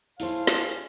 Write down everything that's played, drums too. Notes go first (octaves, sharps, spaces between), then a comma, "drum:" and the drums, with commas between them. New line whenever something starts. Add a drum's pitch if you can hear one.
E4 G#4 A4 C5 C#5 F5, drum: open hi-hat
drum: snare